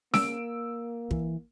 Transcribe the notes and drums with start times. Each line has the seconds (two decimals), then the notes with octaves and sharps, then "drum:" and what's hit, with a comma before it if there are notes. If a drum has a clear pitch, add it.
0.14 A#3 E6 D7, drum: snare C#4
1.11 E3, drum: kick